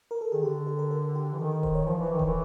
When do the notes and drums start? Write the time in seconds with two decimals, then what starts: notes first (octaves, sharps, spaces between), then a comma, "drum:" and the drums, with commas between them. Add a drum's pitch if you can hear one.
0.11 A#4
0.21 A4
0.32 D#3 G#4
0.42 D3 G4
0.67 A4
0.79 A#4
0.91 A#4
1.15 G4
1.32 E3
1.39 D#3 A4
1.51 A#4
1.63 C5, drum: kick D#1
1.75 C#5
1.87 F3 C5
1.99 E3 B4
2.13 D#3
2.19 A#4, drum: kick D#1
2.25 E3